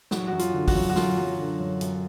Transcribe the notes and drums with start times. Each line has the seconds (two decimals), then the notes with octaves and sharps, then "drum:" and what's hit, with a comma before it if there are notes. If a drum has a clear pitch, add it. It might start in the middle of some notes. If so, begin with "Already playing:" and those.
0.11 F#3 F#4, drum: snare
0.27 F#2 F#4
0.39 F4, drum: hi-hat
0.54 D3
0.68 F#4, drum: kick, open hi-hat
0.75 F#2
0.90 F#4
0.96 F#2 F4, drum: snare
1.17 F#3
1.38 D3
1.59 F#2
1.81 F#2, drum: hi-hat